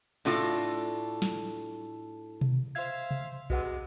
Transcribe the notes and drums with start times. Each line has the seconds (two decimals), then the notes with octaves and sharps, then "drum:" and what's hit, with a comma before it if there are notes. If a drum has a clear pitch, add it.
0.25 A2 D4 F4 F#4 A4, drum: cymbal
1.22 drum: snare
2.41 drum: tom B2
2.75 C5 E5 F5 G#6
3.11 drum: tom C3
3.50 C3 G#3 B3 F#4 B4 F#5, drum: kick B1